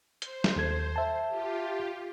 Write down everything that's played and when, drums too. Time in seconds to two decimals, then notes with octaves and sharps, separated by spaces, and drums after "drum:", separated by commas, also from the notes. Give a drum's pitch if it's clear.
0.22 C5, drum: hi-hat
0.44 drum: snare
0.56 D#2 A4 G#6
0.96 E5 A5
1.29 F4 G4